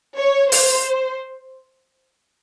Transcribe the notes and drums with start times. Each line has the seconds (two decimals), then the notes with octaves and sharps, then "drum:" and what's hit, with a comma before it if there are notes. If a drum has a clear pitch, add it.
0.18 C#5
0.52 C5, drum: open hi-hat